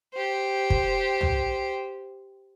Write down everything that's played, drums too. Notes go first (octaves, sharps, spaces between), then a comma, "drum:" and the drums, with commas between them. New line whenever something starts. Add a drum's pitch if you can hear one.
G4 C5
drum: kick
drum: tom C2